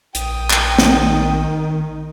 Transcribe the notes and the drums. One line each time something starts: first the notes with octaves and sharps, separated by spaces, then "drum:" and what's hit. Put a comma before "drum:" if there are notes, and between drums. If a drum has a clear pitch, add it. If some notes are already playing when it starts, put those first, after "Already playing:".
A#1 G5 D#6, drum: hi-hat
drum: clap
D#3, drum: snare